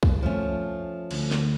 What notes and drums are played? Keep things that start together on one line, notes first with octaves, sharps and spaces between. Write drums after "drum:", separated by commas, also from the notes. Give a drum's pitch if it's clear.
drum: kick B1
F3 A3 C#4
D2, drum: cymbal
drum: snare